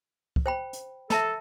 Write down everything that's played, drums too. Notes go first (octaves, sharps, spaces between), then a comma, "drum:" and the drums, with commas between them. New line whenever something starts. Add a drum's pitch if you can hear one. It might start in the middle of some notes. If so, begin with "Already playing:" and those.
drum: kick
C5 G5 B5
drum: hi-hat
A4 E5 A5 B5, drum: snare